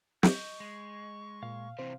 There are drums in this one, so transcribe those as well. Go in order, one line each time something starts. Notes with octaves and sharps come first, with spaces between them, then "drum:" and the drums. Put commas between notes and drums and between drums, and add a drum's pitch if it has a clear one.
D#5 C#6 G6, drum: snare
G#3
A#2 F5
C3 E3 C4 C5